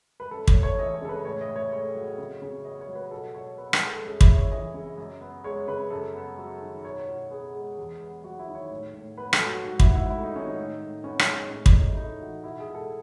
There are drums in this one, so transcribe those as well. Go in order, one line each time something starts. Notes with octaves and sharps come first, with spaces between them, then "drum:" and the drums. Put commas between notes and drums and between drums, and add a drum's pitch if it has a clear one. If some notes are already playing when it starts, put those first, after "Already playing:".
B4
F#2 A4
C#5, drum: kick
A3
C#5
E3 D#5
C#5
C#3 A4
B4
A2 C#5
D#5
A2
C#5
A3 C#5
F#3
C#3
C#3
B3 D#5
C#5
F#3
B4
B2 A4
B2 C#5
B3 B4
B4, drum: rim click
G#3
A4
F#2 G#4
E4, drum: kick
F#2
C#5
E3 D#5
C#3
F#2
B3
G#3 C#5
C#3 B4
F#2 A4
B3
F#3
D#3
B2 C#5
C#5
B2
B3 G#4
G#3
E2
B3
F#3 F#4
E4
D#3
C#5
A2
A2
B3 B4
A4, drum: rim click
F#3
F#4
G#2 F#4
E4, drum: kick
G#2 F#4
E4
A3 E4
D#4
D#3 C#4
D#4
A2
A2
B3 C#4
D#4, drum: rim click
G#3
C#4
A2 C#4
D#4, drum: kick
A2
D#4
E4
A3 D#4
E3 F#4
B2 E4
G#4
B2
A4